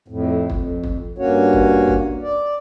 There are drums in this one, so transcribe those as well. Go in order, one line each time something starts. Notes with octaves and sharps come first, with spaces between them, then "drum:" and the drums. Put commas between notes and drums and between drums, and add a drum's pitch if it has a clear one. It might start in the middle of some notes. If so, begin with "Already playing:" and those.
F2 A2
F2, drum: kick
drum: kick
G2 A#3 C#4 F#4 C#5
drum: kick
drum: kick
D5